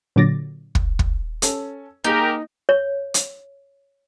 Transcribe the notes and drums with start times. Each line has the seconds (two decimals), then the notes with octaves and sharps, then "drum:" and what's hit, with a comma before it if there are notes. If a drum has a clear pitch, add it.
0.16 A#2 D3 F#3 D6 A6 A#6
0.75 drum: kick
0.99 drum: kick
1.42 C#4 A4, drum: hi-hat
2.04 A#3 D#4 G4 G#4 A#4
2.69 C#5
3.14 drum: hi-hat